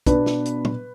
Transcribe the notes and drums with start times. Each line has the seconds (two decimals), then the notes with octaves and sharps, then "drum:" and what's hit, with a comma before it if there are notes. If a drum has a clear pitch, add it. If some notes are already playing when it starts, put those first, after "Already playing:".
0.06 B2 B3 D4 B4, drum: kick, hi-hat
0.26 drum: snare
0.46 drum: hi-hat
0.65 drum: tom